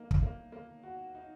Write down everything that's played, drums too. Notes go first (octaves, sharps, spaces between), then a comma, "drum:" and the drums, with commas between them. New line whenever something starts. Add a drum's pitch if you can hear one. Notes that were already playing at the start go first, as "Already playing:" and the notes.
Already playing: A#3 D#4
drum: kick
A#3
A#3
F#4
D#4